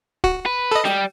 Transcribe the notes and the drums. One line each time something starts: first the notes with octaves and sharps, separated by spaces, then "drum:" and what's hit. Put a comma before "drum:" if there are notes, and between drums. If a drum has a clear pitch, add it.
F#4, drum: kick C#1
B4
A4 D#5
G3, drum: snare